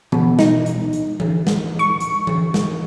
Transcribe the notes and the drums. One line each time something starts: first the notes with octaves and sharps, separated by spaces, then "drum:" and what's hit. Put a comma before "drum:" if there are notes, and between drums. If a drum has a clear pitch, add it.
B2, drum: tom E3
D#4, drum: snare
drum: hi-hat
drum: hi-hat
drum: tom E3
drum: snare
C#6
drum: hi-hat
drum: tom E3
drum: snare